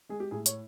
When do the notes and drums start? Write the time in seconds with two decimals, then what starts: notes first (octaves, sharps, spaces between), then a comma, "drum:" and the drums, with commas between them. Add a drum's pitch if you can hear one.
0.09 G#3 G#4
0.20 G4
0.31 A2 G#4
0.46 C#5, drum: hi-hat